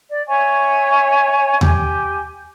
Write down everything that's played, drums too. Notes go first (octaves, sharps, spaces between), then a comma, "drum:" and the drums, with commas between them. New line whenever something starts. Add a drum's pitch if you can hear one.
D5
C#5 E5 G#5 C#6
G4 G#5, drum: tom D#2